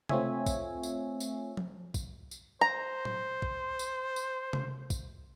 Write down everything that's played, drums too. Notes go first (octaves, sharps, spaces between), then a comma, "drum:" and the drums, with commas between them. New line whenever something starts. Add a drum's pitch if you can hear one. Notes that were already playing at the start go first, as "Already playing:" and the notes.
A3 C4 F4 C#5 E5 G#5, drum: tom C3
drum: kick, tambourine
drum: tambourine
drum: tambourine
drum: tom F3
drum: kick, tambourine
drum: tambourine
C5 A#5
drum: tom A2
drum: kick
drum: tambourine
drum: tambourine
drum: tom C3
drum: kick, tambourine